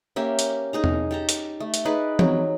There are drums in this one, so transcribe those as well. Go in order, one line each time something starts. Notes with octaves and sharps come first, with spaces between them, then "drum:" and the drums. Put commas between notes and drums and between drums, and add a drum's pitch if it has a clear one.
A#3 C#4 G4 E5
drum: hi-hat
D#4 G#4 A#5
drum: tom E2
G4 A4 A#5
drum: hi-hat
A3
drum: hi-hat
D#4 G#4 B4 D5
F#3, drum: tom